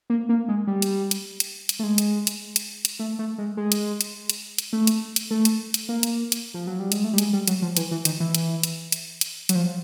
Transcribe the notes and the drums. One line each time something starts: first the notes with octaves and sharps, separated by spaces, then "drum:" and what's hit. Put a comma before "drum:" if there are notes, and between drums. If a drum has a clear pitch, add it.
A#3
A#3
G#3
G3
drum: hi-hat
drum: hi-hat
drum: hi-hat
drum: hi-hat
A3
G#3
drum: hi-hat
drum: hi-hat
drum: hi-hat
drum: hi-hat
A3
A3
G#3
G#3
drum: hi-hat
drum: hi-hat
drum: hi-hat
drum: hi-hat
A3
drum: hi-hat
drum: hi-hat
A3
drum: hi-hat
drum: hi-hat
A#3
drum: hi-hat
drum: hi-hat
F3
F#3
G3
G#3, drum: hi-hat
A3
G3
G#3, drum: hi-hat
G3
F#3, drum: hi-hat
F3
E3, drum: hi-hat
E3
D#3, drum: hi-hat
E3
drum: hi-hat
drum: hi-hat
drum: hi-hat
drum: hi-hat
F#3, drum: hi-hat
F3